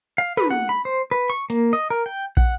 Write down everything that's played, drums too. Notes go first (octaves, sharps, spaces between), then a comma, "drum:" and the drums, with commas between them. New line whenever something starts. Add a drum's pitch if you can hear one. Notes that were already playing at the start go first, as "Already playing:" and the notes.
F5
B4, drum: tom
F#5
B5
C5
B4
C#6
A#3, drum: hi-hat
D#5
A#4
G5
F#5, drum: kick